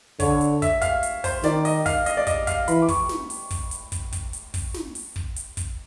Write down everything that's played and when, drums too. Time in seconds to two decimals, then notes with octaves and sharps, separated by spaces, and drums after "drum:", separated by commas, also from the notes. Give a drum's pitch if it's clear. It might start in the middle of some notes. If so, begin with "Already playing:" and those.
0.20 D3 C#5, drum: kick, open hi-hat
0.41 drum: hi-hat
0.62 E5, drum: kick, hi-hat
0.82 F5, drum: kick, hi-hat
1.03 drum: hi-hat
1.24 C5, drum: kick, open hi-hat
1.44 D#3 D5, drum: snare
1.65 D#5, drum: open hi-hat
1.86 F5, drum: kick, open hi-hat
2.06 D#5, drum: hi-hat
2.17 D5
2.27 D#5, drum: kick, hi-hat
2.47 F5, drum: kick, hi-hat
2.68 E3 B5, drum: hi-hat
2.82 D6
2.88 C#6, drum: kick, open hi-hat
3.09 drum: snare
3.30 drum: open hi-hat
3.51 drum: kick, open hi-hat
3.71 drum: hi-hat
3.92 drum: kick, hi-hat
4.12 drum: kick, hi-hat
4.33 drum: hi-hat
4.54 drum: kick, open hi-hat
4.74 drum: snare
4.95 drum: open hi-hat
5.16 drum: kick
5.36 drum: hi-hat
5.57 drum: kick, hi-hat